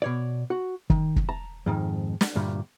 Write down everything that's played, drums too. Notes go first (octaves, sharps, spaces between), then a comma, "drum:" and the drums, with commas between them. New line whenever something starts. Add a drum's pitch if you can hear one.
B2 C#5 D5
F#4
D#3, drum: kick
drum: kick
A5 A#5
F2 G#2 D#3
drum: snare
D2 G2 A#2 G3